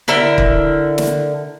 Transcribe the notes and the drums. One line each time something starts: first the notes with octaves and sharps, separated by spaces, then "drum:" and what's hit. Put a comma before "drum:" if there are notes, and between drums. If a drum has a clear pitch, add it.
D3 E4 A#4 E5
drum: kick
drum: snare